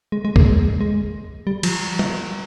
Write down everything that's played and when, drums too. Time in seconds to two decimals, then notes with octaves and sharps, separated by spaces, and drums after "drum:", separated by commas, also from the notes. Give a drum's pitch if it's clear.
0.12 G#3
0.25 G#3
0.36 A#3, drum: kick
0.46 G#3
0.81 G#3
1.47 G3
1.63 F3, drum: cymbal
1.99 drum: tom G3